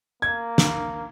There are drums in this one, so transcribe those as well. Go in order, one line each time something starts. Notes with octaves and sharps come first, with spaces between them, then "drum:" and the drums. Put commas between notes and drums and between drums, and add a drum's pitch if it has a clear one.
A#3 G#6
drum: snare